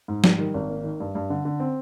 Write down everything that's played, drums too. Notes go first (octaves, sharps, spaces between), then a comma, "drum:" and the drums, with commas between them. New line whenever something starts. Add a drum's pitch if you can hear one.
G#2
G3, drum: snare
D#3
G#1
A#3
D#3
G2
G2
D3
D3
C4